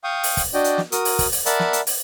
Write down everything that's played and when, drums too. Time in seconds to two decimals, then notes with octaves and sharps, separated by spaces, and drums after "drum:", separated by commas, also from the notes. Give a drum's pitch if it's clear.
0.04 F5 G5 C#6 D#6
0.23 drum: open hi-hat
0.37 drum: kick, open hi-hat
0.54 D4 F#4 D5 D#5 G5
0.64 drum: hi-hat
0.78 drum: snare
0.92 F#4 A#4 D#6, drum: hi-hat
1.05 drum: open hi-hat
1.19 drum: kick, open hi-hat
1.32 drum: open hi-hat
1.46 A#4 D5 E5 F#5 A5 B5, drum: hi-hat
1.59 drum: snare
1.73 drum: hi-hat
1.87 drum: open hi-hat